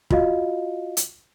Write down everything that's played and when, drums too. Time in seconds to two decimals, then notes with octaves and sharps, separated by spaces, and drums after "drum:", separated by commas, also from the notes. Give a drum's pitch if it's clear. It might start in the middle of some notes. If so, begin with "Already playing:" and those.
0.10 F4 F#4 D#5 F5, drum: kick
0.97 drum: hi-hat